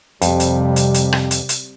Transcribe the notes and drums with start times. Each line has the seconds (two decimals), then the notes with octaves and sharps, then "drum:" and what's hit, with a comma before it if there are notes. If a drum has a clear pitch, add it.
0.22 F2 C3 G3, drum: hi-hat
0.40 drum: hi-hat
0.76 drum: hi-hat
0.94 drum: hi-hat
1.13 drum: rim click
1.31 drum: hi-hat
1.49 drum: hi-hat